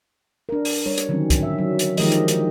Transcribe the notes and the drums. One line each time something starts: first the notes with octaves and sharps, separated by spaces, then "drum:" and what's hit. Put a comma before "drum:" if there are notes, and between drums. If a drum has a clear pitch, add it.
D4 A#4
drum: open hi-hat
G3 D4 C#5
drum: hi-hat
D3 D#3 F#3 C4 C#4
drum: kick, hi-hat
E5
F#3
drum: hi-hat
D#3 F3 G#3 G4 A#4 D#5, drum: open hi-hat
drum: hi-hat
drum: hi-hat